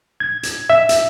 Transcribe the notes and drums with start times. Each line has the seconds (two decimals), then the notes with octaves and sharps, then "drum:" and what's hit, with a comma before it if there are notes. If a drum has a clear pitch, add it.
0.20 G#6
0.43 drum: hi-hat
0.70 E5
0.89 drum: hi-hat